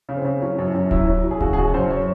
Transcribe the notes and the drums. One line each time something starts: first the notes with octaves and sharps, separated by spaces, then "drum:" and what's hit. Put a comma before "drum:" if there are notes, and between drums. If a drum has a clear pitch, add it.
C#3
C4
C#3
F#3 C#4
F#2
F#2
F#3 E4, drum: kick D1
F#3
F#3
G#4
C#3 F#4, drum: kick D1
G#4
F#2 F#4
F#2 C5
C#5